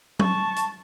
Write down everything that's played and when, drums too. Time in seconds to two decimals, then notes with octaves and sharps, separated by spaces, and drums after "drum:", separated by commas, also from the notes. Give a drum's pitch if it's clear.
0.19 A5 C#6, drum: tom
0.56 drum: hi-hat